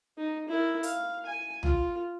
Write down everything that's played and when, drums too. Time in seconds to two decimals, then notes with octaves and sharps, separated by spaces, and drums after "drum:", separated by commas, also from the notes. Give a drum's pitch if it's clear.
0.18 D#4
0.48 E4 A#4
0.83 F5, drum: hi-hat
1.25 G#5
1.63 F4, drum: tom B1